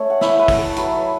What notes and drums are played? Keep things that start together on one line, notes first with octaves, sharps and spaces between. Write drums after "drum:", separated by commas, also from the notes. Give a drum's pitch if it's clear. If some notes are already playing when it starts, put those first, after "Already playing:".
Already playing: A3 C#4 C#5
F#5
E4 E5, drum: snare
B4
A3, drum: kick, open hi-hat
A4
F#3 B4, drum: hi-hat
B4